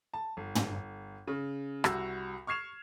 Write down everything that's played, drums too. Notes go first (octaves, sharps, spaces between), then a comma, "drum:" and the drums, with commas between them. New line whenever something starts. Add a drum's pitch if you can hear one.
A5
G1
drum: tom
C#3
C2 F#4 E6, drum: rim click
C#6 F6 G#6 C7 E7 F7